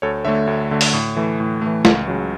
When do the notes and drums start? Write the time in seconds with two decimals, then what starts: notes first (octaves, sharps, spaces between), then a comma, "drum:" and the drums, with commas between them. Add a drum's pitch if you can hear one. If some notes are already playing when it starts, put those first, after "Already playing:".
0.02 D2 A4 C#5
0.25 D3 A3 C#5 E5
0.47 D2
0.71 D3 A3
0.81 drum: open hi-hat
0.93 A2
1.17 E3 A3
1.40 A2
1.61 A3
1.67 E3
1.85 C#2, drum: snare
2.08 C#3 F#3